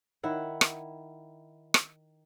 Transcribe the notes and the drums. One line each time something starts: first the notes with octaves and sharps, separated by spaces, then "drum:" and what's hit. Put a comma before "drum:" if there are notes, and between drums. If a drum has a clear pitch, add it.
D#3 E4 F#5
drum: rim click
drum: rim click